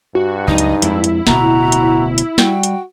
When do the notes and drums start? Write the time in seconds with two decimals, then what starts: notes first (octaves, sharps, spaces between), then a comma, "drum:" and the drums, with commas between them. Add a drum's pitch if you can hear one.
0.15 G2 F#4
0.48 C#2 F#3 D#4 D#5
0.58 drum: hi-hat
0.82 F2 G#3 E4, drum: hi-hat
1.04 drum: hi-hat
1.27 D1 B2 F#4 A#5, drum: snare
1.72 drum: hi-hat
2.18 drum: hi-hat
2.38 G3 F#4 G5, drum: snare
2.63 drum: hi-hat